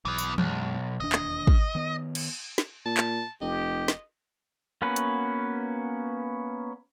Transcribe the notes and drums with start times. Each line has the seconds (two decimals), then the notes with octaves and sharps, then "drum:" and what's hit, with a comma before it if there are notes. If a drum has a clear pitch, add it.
0.05 B1 E3 B3
0.18 drum: tambourine
0.38 B1 F#2 G#3, drum: tom E3
1.00 E1 D#2 D4 D#5
1.12 drum: clap
1.47 drum: kick
1.75 D#3 B3
2.15 drum: cymbal
2.58 drum: snare
2.86 A#2 A5
2.97 drum: clap
3.41 F1 G4 D#5
3.88 drum: snare
4.82 A#3 B3 C#4 F#4 B4
4.96 drum: hi-hat